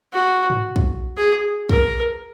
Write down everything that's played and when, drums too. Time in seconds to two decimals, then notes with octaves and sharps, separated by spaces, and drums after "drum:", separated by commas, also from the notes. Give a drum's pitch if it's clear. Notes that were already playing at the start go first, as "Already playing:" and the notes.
0.13 F#4
0.50 drum: tom G#2
0.76 drum: kick
1.17 G#4
1.69 A#4, drum: kick